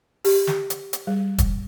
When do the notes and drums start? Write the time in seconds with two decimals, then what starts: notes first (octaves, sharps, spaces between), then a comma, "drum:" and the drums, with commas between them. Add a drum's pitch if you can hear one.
0.25 G4, drum: open hi-hat
0.47 drum: snare
0.70 drum: hi-hat
0.93 drum: hi-hat
1.07 G3
1.38 drum: kick E1, hi-hat